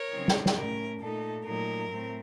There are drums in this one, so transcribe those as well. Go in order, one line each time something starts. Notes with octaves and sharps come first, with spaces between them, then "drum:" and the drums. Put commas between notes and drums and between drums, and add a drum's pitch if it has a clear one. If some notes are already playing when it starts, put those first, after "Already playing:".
Already playing: A#4 C#5
C#3 F#3 C4 D#4
drum: snare
drum: snare
A2 A3 C#4 A#4
A#2 A3 D#4 A4
A#2 F#3 A3 D#4 A#4
A2 A3 C4